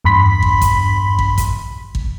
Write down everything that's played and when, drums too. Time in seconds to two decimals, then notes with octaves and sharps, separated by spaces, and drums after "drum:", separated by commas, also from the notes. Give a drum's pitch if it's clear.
0.04 E2 G2 B5 C6 B6
0.43 drum: kick
0.62 drum: kick, hi-hat
1.19 drum: kick
1.38 drum: kick, hi-hat
1.95 drum: kick